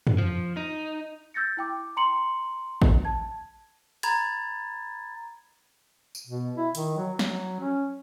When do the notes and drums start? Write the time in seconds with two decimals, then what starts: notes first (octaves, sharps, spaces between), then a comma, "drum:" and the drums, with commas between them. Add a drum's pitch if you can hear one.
0.07 drum: tom
0.18 F3
0.57 D#4
1.34 E6 G6 A6 A#6 C#7
1.57 E4 G5 D6
1.97 A#5 C6 C#7 F#7
2.82 drum: kick A1
3.05 A5 G#6
4.03 A#5 B5 G#6 A6, drum: hi-hat
6.15 drum: tambourine
6.27 B2
6.57 E4
6.75 D#3, drum: hi-hat
6.97 F#3
7.19 F#3, drum: snare
7.60 C#4